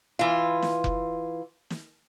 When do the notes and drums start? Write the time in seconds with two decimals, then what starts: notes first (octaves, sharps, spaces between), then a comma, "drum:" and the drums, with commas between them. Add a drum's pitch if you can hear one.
0.19 E3 F4
0.62 drum: snare
0.84 drum: kick F1
1.70 drum: snare